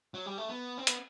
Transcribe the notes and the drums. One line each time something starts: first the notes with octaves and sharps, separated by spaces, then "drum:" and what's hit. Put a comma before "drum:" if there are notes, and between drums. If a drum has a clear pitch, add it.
F#3
G3
A3
B3
C4
B3, drum: hi-hat